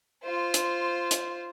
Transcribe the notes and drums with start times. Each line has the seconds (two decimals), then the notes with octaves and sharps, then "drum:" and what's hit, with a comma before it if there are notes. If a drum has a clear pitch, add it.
0.23 F4 C5
0.54 drum: hi-hat
1.11 drum: hi-hat